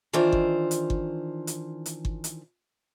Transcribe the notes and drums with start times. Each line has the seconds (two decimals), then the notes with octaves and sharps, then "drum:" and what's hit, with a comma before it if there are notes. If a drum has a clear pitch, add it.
0.13 D#3 E3 D4 F4 C5
0.33 drum: kick G1
0.71 drum: hi-hat
0.90 drum: kick G1
1.47 drum: hi-hat
1.86 drum: hi-hat
2.05 drum: kick G1
2.24 drum: hi-hat